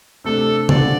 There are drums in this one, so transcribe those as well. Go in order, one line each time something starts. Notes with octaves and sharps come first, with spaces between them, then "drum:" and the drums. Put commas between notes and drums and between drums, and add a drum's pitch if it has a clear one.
C3 A3 D4 A4
D3 F3 D4 D5, drum: tom C3